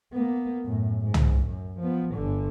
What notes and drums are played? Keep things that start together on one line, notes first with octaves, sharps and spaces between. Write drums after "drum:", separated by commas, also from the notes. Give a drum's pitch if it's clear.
A#3 B3
F#2 A2
G#2
drum: tom
F#2
F3 B3
G1 D3